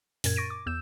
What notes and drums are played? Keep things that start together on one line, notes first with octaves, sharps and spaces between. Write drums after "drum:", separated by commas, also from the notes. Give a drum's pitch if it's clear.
F#2 A#2 A#4 G#6, drum: open hi-hat
C#6 A6 A#6 D7 D#7
D6
E2 E6 G6 E7